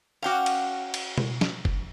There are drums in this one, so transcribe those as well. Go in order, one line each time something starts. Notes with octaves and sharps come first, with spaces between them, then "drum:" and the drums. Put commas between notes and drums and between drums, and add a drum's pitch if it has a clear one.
C#4 F#4 F5 G5 D6
drum: cymbal
drum: cymbal
drum: tom B2
drum: snare
drum: kick